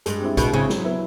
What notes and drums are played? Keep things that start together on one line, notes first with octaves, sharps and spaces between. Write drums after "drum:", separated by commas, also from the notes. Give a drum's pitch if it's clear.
G2 G#3, drum: hi-hat
C4 E4
B2 G#3, drum: kick A#1, hi-hat
C#3 C4 E4
F#3, drum: snare
B3 E4